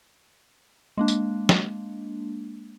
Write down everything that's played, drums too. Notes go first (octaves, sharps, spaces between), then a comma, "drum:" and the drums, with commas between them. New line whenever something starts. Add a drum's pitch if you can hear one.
G#3 A#3 D4
drum: tambourine
drum: snare